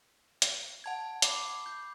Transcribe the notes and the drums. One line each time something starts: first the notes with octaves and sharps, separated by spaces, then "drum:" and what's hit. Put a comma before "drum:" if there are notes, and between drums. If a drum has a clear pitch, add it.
drum: hi-hat
F#5 A5 G#6
B5 D6 C7, drum: hi-hat
G6